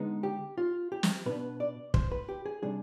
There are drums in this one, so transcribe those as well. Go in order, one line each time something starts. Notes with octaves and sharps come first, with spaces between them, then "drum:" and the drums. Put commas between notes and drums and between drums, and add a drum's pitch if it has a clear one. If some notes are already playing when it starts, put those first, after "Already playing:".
Already playing: D3 G#3 B3 D#4
G4
F4
G4
drum: snare
B2 B3 D4 B4
D5
C5, drum: kick
B4
G4
G#4
C3 G3 D4 G#4